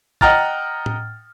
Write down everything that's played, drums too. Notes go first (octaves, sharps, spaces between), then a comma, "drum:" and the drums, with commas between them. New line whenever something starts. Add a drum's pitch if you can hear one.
D#5 F#5 G5 A#5 F6 A6, drum: kick
drum: tom A2